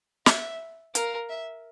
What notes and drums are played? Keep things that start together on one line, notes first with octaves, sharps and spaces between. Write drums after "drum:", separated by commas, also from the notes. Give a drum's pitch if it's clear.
E5, drum: snare
A#4 F5, drum: hi-hat
E5